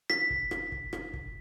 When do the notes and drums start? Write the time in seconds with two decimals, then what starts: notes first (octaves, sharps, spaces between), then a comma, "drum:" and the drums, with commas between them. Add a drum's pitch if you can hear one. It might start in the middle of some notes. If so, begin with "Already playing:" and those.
0.10 B6, drum: rim click
0.30 drum: kick
0.51 drum: rim click
0.72 drum: kick
0.93 drum: rim click
1.13 drum: kick